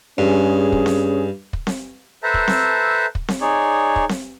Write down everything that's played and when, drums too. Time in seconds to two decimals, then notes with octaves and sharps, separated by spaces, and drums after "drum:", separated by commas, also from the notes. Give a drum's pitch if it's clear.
0.18 G2 C#4 G#4
0.72 drum: kick
0.86 drum: snare C4
1.53 drum: kick
1.67 drum: snare C4
2.23 A4 B4 C5 E5 A5 A#5
2.34 drum: kick
2.48 drum: snare C4
3.15 drum: kick
3.28 drum: snare C4
3.41 D#4 G#4 C#5 D5
3.96 drum: kick
4.09 drum: snare C4